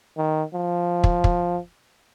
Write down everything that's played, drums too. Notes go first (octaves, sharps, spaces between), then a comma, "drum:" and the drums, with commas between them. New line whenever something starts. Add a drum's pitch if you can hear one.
D#3
F3
drum: kick
drum: kick